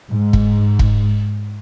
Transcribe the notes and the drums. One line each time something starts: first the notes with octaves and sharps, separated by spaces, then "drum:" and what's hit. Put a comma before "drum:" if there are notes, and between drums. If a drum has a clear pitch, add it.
G#2
drum: kick
drum: kick